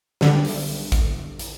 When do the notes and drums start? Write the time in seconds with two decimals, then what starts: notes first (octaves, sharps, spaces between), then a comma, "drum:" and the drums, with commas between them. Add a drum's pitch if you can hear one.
0.21 B1 D3 G3, drum: snare
0.45 drum: open hi-hat
0.92 drum: kick A1, hi-hat
1.39 drum: hi-hat